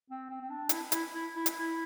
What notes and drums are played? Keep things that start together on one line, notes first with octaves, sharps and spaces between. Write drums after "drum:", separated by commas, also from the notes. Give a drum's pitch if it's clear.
C4
C4
C4
D4
E4, drum: hi-hat
E4, drum: hi-hat
E4
E4
drum: hi-hat
E4